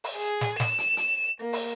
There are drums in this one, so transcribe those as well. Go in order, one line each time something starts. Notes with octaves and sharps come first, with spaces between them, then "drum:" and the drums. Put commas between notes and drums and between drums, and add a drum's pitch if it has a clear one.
drum: open hi-hat
G#4
drum: snare
E7, drum: snare
drum: hi-hat
drum: hi-hat
A#3
drum: open hi-hat